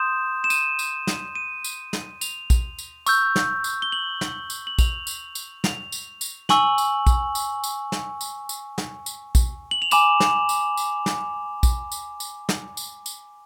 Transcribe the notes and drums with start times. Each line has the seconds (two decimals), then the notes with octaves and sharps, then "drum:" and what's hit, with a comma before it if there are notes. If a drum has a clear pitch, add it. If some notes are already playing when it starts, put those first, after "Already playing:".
Already playing: C6 D#6 G6 E7
0.44 E7
0.50 D#7, drum: tambourine
0.79 drum: tambourine
1.07 drum: snare
1.35 D#7
1.64 drum: tambourine
1.93 drum: snare
2.21 F7, drum: tambourine
2.50 drum: kick A#1, tambourine
2.79 drum: tambourine
3.06 C#6 E6 G6, drum: tambourine
3.36 drum: snare
3.64 drum: tambourine
3.82 G7
3.92 F#7
4.21 drum: snare
4.50 drum: tambourine
4.67 F#7
4.79 F7, drum: kick A#1, tambourine
5.07 drum: tambourine
5.35 drum: tambourine
5.64 F7, drum: snare
5.92 drum: tambourine
6.21 drum: tambourine
6.49 G#5 C#6 E6 F#7, drum: snare
6.78 drum: tambourine
7.07 drum: kick A#1, tambourine
7.35 drum: tambourine
7.64 drum: tambourine
7.92 drum: snare
8.21 drum: tambourine
8.49 drum: tambourine
8.78 drum: snare
9.06 drum: tambourine
9.35 drum: kick A#1, tambourine
9.71 F#7
9.82 F7
9.91 G#5 B5 D6 E7, drum: tambourine
10.20 drum: snare
10.49 drum: tambourine
10.77 drum: tambourine
11.06 drum: snare
11.63 drum: kick A#1, tambourine
11.92 drum: tambourine
12.20 drum: tambourine
12.49 drum: snare
12.77 drum: tambourine
13.06 drum: tambourine